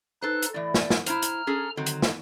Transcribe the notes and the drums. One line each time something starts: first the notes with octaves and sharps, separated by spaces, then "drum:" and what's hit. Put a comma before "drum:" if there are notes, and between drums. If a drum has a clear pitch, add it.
D#4 A4 B4 C5 F#6
drum: hi-hat
A2 E3 D5
drum: snare
drum: snare
E4 C5 A#5 F6, drum: hi-hat
drum: hi-hat
C#4 G#4 A4
D3 D#3 F#3 C4
drum: hi-hat
drum: snare